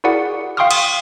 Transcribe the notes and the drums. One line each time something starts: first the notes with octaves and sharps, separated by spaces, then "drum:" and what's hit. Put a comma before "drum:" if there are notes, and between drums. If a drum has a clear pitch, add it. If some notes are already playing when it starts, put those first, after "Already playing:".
E4 F#4 G#4 A#4 D5 F#5
F5 G5 C6 C#6 D#6 F6
D#6, drum: cymbal